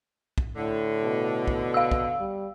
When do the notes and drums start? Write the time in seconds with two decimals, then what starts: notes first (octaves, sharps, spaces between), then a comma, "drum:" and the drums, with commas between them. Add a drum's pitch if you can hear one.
0.38 drum: kick
0.56 A2 D3
1.04 B2
1.48 drum: kick
1.74 F5 E6
1.91 drum: kick
2.20 G3